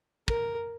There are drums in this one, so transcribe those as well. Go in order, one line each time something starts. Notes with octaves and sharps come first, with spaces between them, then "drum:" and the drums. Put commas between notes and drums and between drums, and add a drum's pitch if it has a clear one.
A#4, drum: kick